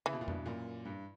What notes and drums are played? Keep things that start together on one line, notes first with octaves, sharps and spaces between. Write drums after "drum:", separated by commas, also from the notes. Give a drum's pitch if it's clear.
C#3 E3
B2
A#2
G2 B2, drum: tom F2
F#2 A#2
G2